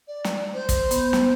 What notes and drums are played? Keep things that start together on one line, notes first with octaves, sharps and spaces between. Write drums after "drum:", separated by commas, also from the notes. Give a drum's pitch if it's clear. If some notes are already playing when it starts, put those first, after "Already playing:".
D5
drum: snare
C5
drum: kick, hi-hat
B3, drum: hi-hat
drum: snare